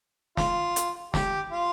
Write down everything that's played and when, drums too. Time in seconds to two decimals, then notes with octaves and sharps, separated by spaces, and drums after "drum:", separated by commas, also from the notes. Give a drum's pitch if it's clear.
0.37 F4, drum: snare
0.76 drum: hi-hat
1.14 G4, drum: snare
1.52 F4